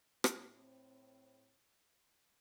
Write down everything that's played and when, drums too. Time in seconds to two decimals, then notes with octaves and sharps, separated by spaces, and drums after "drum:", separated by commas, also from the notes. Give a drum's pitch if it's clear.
0.24 A2 C4, drum: rim click